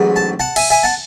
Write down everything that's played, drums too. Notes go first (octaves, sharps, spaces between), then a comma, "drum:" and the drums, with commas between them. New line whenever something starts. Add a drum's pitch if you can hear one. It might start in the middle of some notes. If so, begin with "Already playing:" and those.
Already playing: A1 G#2 F#3
A5
F#5 A5
E5 G#5, drum: cymbal
E5 G#5
F#5 A5